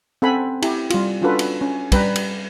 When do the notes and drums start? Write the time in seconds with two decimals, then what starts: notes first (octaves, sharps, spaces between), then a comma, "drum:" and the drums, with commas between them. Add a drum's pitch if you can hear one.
0.22 C4 C#4 A4 F#5 G#5 B5
0.62 E4 G4, drum: cymbal
0.90 G3 F4, drum: cymbal
1.22 C#4 D4 F4 F#4 A4 B4
1.39 drum: cymbal
1.61 C#4
1.92 G3 B4 G5 A#5, drum: kick, cymbal
2.16 drum: cymbal